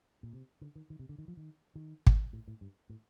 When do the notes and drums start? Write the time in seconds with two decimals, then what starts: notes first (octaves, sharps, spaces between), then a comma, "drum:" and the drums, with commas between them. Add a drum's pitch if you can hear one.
0.23 A#2
0.33 C3
0.61 D3
0.76 D#3
0.90 D#3
0.99 C3
1.09 D3
1.18 D#3
1.28 F3
1.37 D#3
1.75 D#3
2.07 drum: kick
2.33 A2
2.48 A2
2.61 G2
2.90 A2